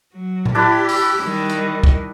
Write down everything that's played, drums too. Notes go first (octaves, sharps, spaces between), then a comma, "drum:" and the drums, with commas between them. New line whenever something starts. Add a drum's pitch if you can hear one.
F#3
drum: tom A2
D4 E4 G4 B4
drum: open hi-hat
D#3 G3
drum: hi-hat
drum: kick